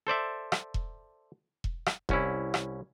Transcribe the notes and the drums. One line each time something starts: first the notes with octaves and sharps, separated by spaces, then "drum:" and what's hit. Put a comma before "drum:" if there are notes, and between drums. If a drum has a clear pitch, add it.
A4 C5 D5 E5
drum: rim click
drum: kick E1
drum: kick E1
drum: rim click
C2 C#4 E4, drum: kick E1
drum: rim click